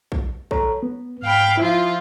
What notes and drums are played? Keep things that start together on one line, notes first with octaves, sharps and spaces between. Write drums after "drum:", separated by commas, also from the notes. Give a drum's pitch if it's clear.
drum: kick A#1
A4 C#5 A#5, drum: kick A#1
B3
G#2 F5 G5 B5
F3 E4 F4 E5